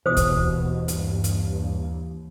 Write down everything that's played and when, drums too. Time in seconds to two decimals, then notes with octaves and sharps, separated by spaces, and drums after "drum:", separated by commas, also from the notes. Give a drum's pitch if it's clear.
0.06 D#2 B2 E3 C5 D#6
0.17 drum: kick, hi-hat
0.88 G2, drum: hi-hat
1.24 drum: hi-hat